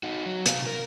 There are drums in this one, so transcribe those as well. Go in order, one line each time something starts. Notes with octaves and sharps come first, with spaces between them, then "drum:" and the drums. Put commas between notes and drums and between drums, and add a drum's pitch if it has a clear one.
D#4 F#4
F#3 F#4
C3 F5, drum: hi-hat
A#4